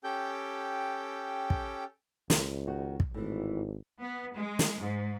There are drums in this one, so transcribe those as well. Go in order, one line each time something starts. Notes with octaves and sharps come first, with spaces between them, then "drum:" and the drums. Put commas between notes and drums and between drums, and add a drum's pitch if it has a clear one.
C#4 G4 A4 G5 G6
drum: kick
C#2, drum: snare
D#3 F#4
drum: kick
G#1 A2 E3
B3
G#3
drum: snare
G#2